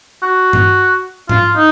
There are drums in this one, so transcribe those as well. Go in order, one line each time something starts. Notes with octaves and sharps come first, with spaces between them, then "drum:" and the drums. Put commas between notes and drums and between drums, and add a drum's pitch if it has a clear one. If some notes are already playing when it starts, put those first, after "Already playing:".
F#4
drum: tom G2
F4, drum: tom G#2
D#4